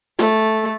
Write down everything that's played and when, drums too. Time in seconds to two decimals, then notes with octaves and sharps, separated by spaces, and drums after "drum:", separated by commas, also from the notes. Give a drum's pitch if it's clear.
0.19 A3, drum: snare